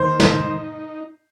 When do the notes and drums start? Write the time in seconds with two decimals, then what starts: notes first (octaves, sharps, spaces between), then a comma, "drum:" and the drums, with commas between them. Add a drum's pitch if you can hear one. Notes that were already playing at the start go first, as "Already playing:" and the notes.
Already playing: D#2 D#3 C5
0.20 drum: snare
0.32 D#4